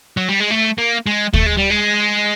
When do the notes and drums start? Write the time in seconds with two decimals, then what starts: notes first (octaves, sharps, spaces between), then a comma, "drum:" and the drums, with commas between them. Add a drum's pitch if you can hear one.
0.17 F#3
0.29 G3
0.40 G#3
0.50 A3
0.78 A#3
1.06 G#3
1.34 A3, drum: kick
1.46 G#3
1.57 G3
1.70 G#3